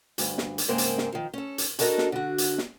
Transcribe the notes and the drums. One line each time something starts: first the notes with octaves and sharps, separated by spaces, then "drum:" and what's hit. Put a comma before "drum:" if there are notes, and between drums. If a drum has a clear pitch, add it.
D2 G2, drum: hi-hat
drum: snare
drum: hi-hat
G#2 C#3 A#3 C4 A#4 C5
drum: hi-hat
drum: snare
D#3 F3
C#4 A4
drum: hi-hat
D4 F#4 A4 A#4 D#5, drum: hi-hat
drum: snare
D3 F#4
drum: hi-hat
drum: snare